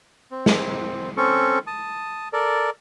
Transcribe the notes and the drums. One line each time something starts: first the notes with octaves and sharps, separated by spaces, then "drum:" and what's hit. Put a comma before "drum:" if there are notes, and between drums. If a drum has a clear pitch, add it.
C4
drum: snare
C4 C#4 A4 C#6
A5 D#6
A4 A#4 D5